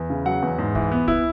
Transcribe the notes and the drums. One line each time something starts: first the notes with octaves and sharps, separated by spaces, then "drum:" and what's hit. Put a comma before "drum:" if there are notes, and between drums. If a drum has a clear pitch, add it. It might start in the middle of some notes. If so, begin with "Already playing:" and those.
Already playing: E2
C#3
F#3 F#5
E2
G#2
E3, drum: kick C2
B3
E4, drum: kick C2